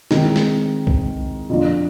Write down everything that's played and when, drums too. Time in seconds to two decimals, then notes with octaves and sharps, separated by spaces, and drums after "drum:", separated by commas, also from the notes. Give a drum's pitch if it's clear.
0.11 D#3 G#3 C4 E4, drum: snare
0.36 drum: snare
0.87 drum: kick B1
1.49 F2 D3 F3